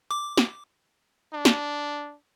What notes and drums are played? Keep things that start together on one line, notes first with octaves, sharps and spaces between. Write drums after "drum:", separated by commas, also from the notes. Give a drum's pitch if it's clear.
D6
drum: snare
D4
drum: snare